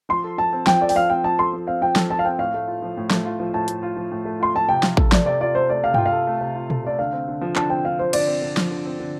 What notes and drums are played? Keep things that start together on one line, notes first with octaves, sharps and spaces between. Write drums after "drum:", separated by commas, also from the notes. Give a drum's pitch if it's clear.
F3 C6
A4
F3 A5
C4
F3 G5, drum: snare F3
A4 D5
G5, drum: open hi-hat
F3 F5
C4 G5
F3 A5
A4 C6
F3
C4 F5
F3 G5
A4, drum: snare F3
F3 A5
F5
C4 G5
A2 F5
A3
F4
F3
A2
A3, drum: snare F3
F4
F3
A2 A5
A3, drum: hi-hat
F4
F3
A2
A3
F4 C6
F3 A5
C3 G5
F4, drum: snare F3
A4, drum: kick A1
A3 D5, drum: snare F3
C3 D5
F4 D5
A4 C5
A3 D5
C3 F5
F4 G5, drum: tom G2
F5
A4
A3
C3
F4
A4, drum: tom A#2
A3 D5
D3 F5
C4
D3
F3
D3 A5, drum: clap
C4 G5
D3 F5
F3 C5
D3 D5, drum: cymbal
C4
D3
F3, drum: snare F3
D3
C4
D3